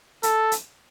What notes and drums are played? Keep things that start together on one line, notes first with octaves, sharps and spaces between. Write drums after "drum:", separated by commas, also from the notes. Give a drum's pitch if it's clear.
A4, drum: hi-hat
drum: hi-hat